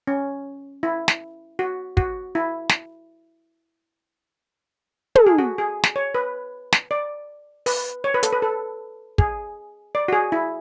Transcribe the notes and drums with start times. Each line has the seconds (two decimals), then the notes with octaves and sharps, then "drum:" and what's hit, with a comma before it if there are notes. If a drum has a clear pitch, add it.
0.07 C#4
0.83 E4
1.08 drum: snare
1.59 F#4
1.97 F#4, drum: kick
2.35 E4
2.69 drum: snare
5.15 A4, drum: tom
5.27 G#4
5.38 F#4
5.58 G#4
5.83 drum: snare
5.96 C#5
6.15 B4
6.72 drum: snare
6.91 D5
7.66 B4, drum: open hi-hat
8.04 C#5
8.14 B4
8.23 A4, drum: hi-hat
8.32 B4
8.42 A4
9.18 G#4, drum: kick
9.95 D5
10.08 F#4
10.13 G#4
10.32 E4